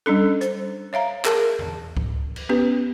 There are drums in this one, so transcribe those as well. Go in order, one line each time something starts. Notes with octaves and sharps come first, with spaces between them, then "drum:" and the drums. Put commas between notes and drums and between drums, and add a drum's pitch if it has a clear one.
G3 C#4 D4 A4
C5, drum: hi-hat
C#5 E5 F5 A#5
G#4 A#4 A5, drum: clap
drum: tom E2
drum: kick C#2
drum: cymbal
B3 C#4 G4 B4